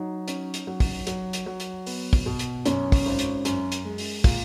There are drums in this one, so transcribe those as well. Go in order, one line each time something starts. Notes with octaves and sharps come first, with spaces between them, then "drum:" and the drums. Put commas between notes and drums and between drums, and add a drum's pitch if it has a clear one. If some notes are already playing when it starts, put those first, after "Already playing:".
Already playing: F#3 D#4
C#4, drum: hi-hat
drum: hi-hat
F#3
drum: kick, open hi-hat
F#3, drum: hi-hat
drum: hi-hat
F#3
drum: hi-hat
B3, drum: open hi-hat
drum: kick, open hi-hat
B2
drum: hi-hat
F#2 C#4, drum: hi-hat
drum: kick, open hi-hat
G#1
drum: hi-hat
F#2, drum: hi-hat
drum: hi-hat
G#3
drum: open hi-hat
A#2, drum: kick, open hi-hat